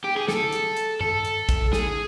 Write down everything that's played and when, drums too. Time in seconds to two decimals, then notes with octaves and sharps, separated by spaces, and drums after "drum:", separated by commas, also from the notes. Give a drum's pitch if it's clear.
0.04 G4
0.16 G#4
0.28 A4, drum: snare
0.52 drum: hi-hat
0.77 drum: hi-hat
1.01 A4, drum: tom G2
1.25 drum: hi-hat
1.49 drum: kick, hi-hat
1.73 G#4, drum: snare